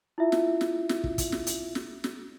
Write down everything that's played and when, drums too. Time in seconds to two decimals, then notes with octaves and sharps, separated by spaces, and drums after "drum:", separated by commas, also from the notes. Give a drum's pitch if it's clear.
0.18 E4 F4 E5
0.32 drum: snare
0.61 drum: snare
0.89 drum: snare
1.04 drum: kick
1.18 drum: kick, hi-hat
1.32 drum: snare
1.47 drum: hi-hat
1.75 drum: snare
2.04 drum: snare